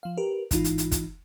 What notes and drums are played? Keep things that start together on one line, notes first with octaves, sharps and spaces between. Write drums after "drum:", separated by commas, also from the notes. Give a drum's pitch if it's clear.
F3 F5
G4 A#4 B4
A1 G#2 E3 D#4 F4, drum: kick, hi-hat
drum: hi-hat
drum: hi-hat
drum: kick, hi-hat